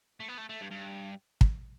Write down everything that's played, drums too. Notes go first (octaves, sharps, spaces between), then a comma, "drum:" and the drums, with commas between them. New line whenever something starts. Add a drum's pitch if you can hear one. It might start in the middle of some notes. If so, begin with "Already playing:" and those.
A3
B3
A3
A3
G2
G2
drum: kick